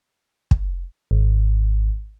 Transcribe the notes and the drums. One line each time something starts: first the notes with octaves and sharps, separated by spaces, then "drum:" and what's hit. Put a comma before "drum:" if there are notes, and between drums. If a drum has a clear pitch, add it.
drum: kick
G#1